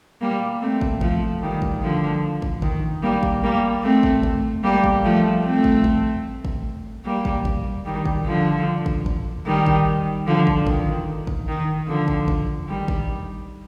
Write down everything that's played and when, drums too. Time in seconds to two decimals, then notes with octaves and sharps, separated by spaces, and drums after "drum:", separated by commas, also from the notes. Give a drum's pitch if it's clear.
0.21 G3 A#3
0.61 A3 C4
0.81 drum: kick
1.01 F3 A3, drum: kick
1.42 D#3 G3
1.62 drum: kick
1.82 D3 F3
2.42 drum: kick
2.62 D#3, drum: kick
3.02 G3 A#3
3.23 drum: kick
3.43 G3 A#3
3.83 A3 C4
4.03 drum: kick
4.23 drum: kick
4.63 G3 A#3
4.84 drum: kick
5.04 F3 A3
5.44 A3 C4
5.64 drum: kick
5.84 drum: kick
6.45 drum: kick
7.05 G3 A#3
7.25 drum: kick
7.45 drum: kick
7.85 D#3 G3
8.06 drum: kick
8.26 D3 F3
8.86 drum: kick
9.06 drum: kick
9.46 D#3 G3
9.66 drum: kick
10.27 D3 F3
10.47 drum: kick
10.67 D#3, drum: kick
11.27 drum: kick
11.48 D#3
11.87 D3 F3
12.08 drum: kick
12.28 drum: kick
12.68 D#3 G3
12.88 drum: kick